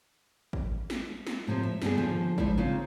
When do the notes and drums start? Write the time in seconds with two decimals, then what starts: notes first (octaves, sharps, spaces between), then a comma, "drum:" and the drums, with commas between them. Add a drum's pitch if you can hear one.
0.53 drum: kick A1
0.90 drum: snare
1.27 drum: snare
1.47 A2 C3 F3 A#3
1.63 E5
1.82 G2 D3 B3 G#4, drum: snare
1.98 D#2 D3 F3 G#5
2.38 F3 G#3 A#3 D#4 E4 D5, drum: kick A1
2.58 C#3 A#3 C4 F4